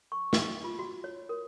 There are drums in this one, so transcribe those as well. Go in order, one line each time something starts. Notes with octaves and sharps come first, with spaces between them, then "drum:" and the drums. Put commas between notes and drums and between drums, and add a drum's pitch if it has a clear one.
C#6
C#4, drum: snare
F4
F#4
C#5
A#4